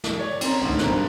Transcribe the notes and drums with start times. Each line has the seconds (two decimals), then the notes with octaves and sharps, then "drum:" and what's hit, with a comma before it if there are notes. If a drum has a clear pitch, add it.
0.04 drum: snare
0.19 C#5 D5
0.41 C4 C#4 A#4 C#5 A#5 C6, drum: cymbal
0.61 G#1 D2
0.79 G2 B2 A#4 C5 F#6, drum: snare